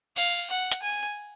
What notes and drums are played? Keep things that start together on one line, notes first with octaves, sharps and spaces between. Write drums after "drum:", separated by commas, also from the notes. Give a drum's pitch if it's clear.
F5, drum: cymbal
F#5
drum: hi-hat
G#5